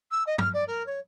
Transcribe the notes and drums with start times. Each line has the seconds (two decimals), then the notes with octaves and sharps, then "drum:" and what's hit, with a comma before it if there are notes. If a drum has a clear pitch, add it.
0.11 E6
0.26 D#5
0.38 F6, drum: tom
0.53 D5
0.67 A#4
0.86 C#5